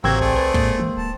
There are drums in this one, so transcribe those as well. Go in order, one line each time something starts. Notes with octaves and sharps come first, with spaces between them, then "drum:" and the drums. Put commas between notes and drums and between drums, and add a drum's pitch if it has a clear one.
A1 C#3 F#3 A#3 C4 G4 G#6
C2 A3 G#4 D5
B4
A2 G#3 A#3, drum: kick
E3
D1 A5